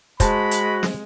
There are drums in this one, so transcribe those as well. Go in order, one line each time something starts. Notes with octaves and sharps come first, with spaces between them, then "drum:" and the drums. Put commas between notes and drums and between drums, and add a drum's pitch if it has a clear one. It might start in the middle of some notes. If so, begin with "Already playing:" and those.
G#3 F#4 C5 A5 B5, drum: kick, hi-hat
drum: hi-hat
drum: snare